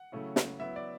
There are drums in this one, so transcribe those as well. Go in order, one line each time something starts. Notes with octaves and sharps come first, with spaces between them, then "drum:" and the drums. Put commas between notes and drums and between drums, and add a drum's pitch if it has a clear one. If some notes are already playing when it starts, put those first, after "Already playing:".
Already playing: F#5
C#3 F#3 A3 C#4 E4
drum: snare
F#3 B3 E4 E5
D5